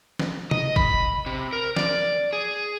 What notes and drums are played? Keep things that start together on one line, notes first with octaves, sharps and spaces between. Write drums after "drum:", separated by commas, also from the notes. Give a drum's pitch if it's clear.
drum: snare
D#5, drum: tom C3
B5, drum: kick G#1
C3
A#4
D5, drum: snare
G#4